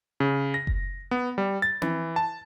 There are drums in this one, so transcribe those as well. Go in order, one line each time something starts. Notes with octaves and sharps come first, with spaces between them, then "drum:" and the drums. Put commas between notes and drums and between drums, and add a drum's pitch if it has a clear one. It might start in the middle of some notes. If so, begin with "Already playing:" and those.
C#3
A#6
drum: kick F#1
B3
G3
A6
E3, drum: tom C4
A5